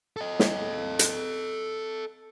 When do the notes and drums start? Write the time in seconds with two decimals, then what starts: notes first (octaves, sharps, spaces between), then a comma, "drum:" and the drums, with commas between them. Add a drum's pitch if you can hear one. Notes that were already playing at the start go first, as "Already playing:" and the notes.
0.17 A4 D#5
0.39 drum: snare
0.99 drum: hi-hat